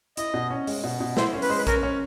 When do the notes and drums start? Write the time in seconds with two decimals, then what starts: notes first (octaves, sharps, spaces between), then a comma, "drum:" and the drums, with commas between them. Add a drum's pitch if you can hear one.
0.17 E4 D#5, drum: hi-hat
0.34 B2
0.50 C#4
0.67 G#3, drum: open hi-hat
0.84 B2
1.01 B2
1.17 E4 C5, drum: snare
1.33 C#4
1.42 B4, drum: open hi-hat
1.49 G#3 C5
1.57 B4
1.67 C#4 A#4, drum: kick A#1, hi-hat
1.83 C#4